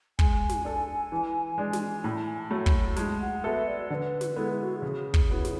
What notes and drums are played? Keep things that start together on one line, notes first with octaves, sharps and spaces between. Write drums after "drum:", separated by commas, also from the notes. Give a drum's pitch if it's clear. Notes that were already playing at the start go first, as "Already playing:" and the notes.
G#3 G#5, drum: kick
drum: snare
D4 A4
E3
G#3 D4
drum: snare
A2 B5
A5
G#5
A5
F#3 A3 B5
drum: kick
G#3 A5, drum: snare
F#5
B3 F#4 A4 E5
D5
D3 B4 D5
drum: snare
G#3 B3 E4 A4
G#4
F#4
G#4
C#3
drum: kick
F#3 B3 E4
drum: snare